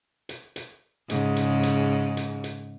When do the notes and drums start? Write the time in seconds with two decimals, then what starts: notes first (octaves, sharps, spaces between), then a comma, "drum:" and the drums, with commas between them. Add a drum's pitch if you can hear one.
0.29 drum: hi-hat
0.56 drum: hi-hat
1.10 G#2 C#3, drum: hi-hat
1.36 drum: hi-hat
1.63 drum: hi-hat
2.17 drum: hi-hat
2.44 drum: hi-hat